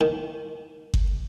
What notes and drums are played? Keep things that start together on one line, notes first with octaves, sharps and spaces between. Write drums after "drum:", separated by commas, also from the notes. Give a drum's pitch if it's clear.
D#3
drum: kick G1